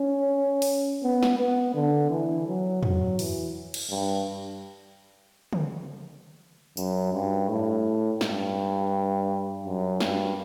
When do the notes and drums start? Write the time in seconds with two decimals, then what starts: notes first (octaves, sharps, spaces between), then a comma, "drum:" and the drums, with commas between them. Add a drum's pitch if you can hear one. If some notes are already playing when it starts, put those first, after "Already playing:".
Already playing: C#4
0.62 drum: open hi-hat
1.04 B3
1.23 drum: snare
1.39 B3
1.74 D3
2.11 E3
2.47 F#3
2.83 F#3, drum: tom
3.19 E3, drum: open hi-hat
3.74 drum: cymbal
3.90 G2
5.53 drum: tom
6.77 F#2, drum: tambourine
7.13 G2
7.49 A2
8.21 G2, drum: snare
9.64 F#2
10.00 G2, drum: snare